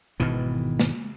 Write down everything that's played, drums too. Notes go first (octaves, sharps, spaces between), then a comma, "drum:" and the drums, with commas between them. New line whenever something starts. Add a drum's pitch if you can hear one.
G#1 B2 D#3 E3
drum: snare